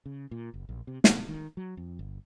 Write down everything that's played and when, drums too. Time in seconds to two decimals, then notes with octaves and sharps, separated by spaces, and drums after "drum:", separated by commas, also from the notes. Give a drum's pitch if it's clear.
0.06 C#3
0.31 A#2
0.54 F#1
0.69 A#1
0.87 C3
1.04 B2, drum: snare
1.28 D#3
1.57 F#3
1.77 F2
1.99 G1